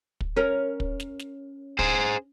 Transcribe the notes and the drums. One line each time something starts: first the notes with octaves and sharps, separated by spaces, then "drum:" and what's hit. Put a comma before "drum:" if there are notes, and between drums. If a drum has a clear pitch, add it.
drum: kick
C#4 A#4
drum: kick
drum: snare
drum: snare
G#4 C5, drum: kick